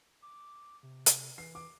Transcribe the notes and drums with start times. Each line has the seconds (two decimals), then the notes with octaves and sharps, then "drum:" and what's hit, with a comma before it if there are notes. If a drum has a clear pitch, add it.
0.22 D6
0.83 C3
1.06 drum: hi-hat
1.38 E3 C7
1.55 D6